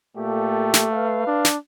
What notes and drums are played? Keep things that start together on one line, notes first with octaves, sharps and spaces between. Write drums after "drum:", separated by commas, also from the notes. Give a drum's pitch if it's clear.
A#2 A3 G4 A4
drum: snare
B4 F5
D4
drum: snare